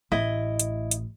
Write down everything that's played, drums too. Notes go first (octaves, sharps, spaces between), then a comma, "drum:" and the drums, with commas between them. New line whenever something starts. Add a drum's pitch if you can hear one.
A1 E4 D#5
drum: hi-hat
drum: hi-hat